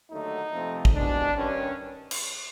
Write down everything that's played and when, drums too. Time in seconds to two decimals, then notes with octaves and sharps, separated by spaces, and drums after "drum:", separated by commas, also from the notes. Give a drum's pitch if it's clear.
0.10 D#2 D3 F#3 A3 D#4
0.52 F2 C3 F3 A3
0.85 drum: kick
0.94 C2 B2 G#3 D4
1.36 G2 D#3 G3 C#4
2.11 drum: cymbal